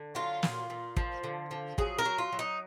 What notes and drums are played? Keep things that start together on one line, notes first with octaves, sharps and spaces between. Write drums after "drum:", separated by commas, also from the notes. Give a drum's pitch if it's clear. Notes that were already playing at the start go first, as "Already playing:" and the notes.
Already playing: D3
F#3 F4
A#2, drum: snare
A#2
F3, drum: kick
D3
F3
F#3 G#4, drum: kick
A#4
F#3
F4
F#3
D#4